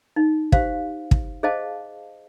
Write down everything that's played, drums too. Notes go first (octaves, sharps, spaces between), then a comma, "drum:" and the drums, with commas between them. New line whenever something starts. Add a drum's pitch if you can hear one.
D#4
G4 C5 F5, drum: kick
drum: kick
G#4 C5 D#5 F5 A5